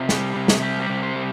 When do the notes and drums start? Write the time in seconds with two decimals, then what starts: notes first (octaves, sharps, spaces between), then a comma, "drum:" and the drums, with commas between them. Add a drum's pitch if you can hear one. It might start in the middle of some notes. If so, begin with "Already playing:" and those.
Already playing: C3 F4
0.09 G3, drum: snare
0.36 C3
0.48 drum: snare
0.62 G3 G4
0.82 G4
0.90 C3
1.03 C5
1.16 G3